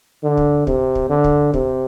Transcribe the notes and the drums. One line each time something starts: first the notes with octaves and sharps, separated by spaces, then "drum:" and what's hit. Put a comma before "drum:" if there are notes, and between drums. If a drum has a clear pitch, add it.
D3
drum: kick
C3, drum: kick
drum: kick
D3
drum: kick
C3, drum: kick